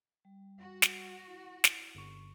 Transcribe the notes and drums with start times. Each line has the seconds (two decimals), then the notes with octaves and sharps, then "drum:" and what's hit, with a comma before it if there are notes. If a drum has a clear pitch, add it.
0.25 G3
0.59 F#4
0.82 drum: snare
1.27 E4
1.64 drum: snare
1.95 G1 C#6